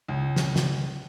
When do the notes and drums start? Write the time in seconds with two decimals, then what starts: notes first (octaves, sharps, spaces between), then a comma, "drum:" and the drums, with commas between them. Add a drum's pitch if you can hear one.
0.09 C#2
0.36 drum: snare
0.56 drum: snare